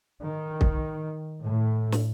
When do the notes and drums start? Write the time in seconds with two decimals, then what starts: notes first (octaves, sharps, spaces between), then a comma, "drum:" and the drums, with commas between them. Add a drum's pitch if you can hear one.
0.20 D#3
0.61 drum: kick
1.45 A2
1.92 drum: snare